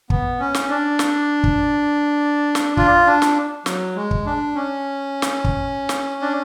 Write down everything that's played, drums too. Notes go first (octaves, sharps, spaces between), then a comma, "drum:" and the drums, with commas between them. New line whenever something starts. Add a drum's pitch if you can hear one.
B3, drum: kick
C#4
drum: snare
D4
drum: snare
drum: kick
drum: snare
F4, drum: kick
D4
drum: snare
F#3, drum: snare
G#3
drum: kick
D4
C#4
drum: snare
drum: kick
drum: snare
D4